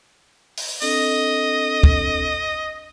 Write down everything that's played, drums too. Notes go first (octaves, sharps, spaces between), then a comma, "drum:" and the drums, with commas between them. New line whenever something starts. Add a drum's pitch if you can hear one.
drum: open hi-hat
C4 D4 A4 D#5, drum: open hi-hat
drum: kick